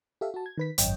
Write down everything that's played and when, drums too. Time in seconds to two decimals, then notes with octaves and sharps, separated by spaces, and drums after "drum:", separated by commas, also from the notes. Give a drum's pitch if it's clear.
0.21 G4 A4 E5 F5
0.34 F#4 A5
0.46 G#6
0.58 D#3 B4 B6
0.78 G#1 F#2 C#5 D#5 G5, drum: hi-hat